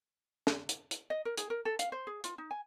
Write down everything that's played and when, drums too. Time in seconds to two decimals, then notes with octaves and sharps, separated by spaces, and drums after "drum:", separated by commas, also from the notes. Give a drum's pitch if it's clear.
0.47 drum: snare
0.69 drum: hi-hat
0.91 drum: hi-hat
1.10 D#5
1.25 A#4
1.37 G#4, drum: hi-hat
1.50 A#4
1.65 A4
1.79 F5, drum: hi-hat
1.92 C5
2.07 G#4
2.24 F4, drum: hi-hat
2.38 D#4
2.51 G#5